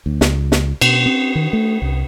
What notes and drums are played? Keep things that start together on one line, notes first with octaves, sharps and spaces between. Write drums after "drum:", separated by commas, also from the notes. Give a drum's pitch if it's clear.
D2
C#2, drum: snare
drum: snare
B2, drum: cymbal
C4
D#3
A3
C2